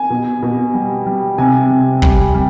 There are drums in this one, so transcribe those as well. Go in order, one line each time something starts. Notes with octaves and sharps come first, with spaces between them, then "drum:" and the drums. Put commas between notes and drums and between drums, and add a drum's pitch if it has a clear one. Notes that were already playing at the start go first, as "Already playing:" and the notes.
Already playing: G#5
B2
B2
G3
G3
C3 G#5
C3
G3, drum: kick
G3